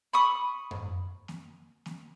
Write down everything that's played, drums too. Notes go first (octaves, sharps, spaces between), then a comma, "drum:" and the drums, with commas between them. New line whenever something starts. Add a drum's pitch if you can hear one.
B5 C#6 D#6
drum: tom F#2
drum: snare A#3
drum: snare A#3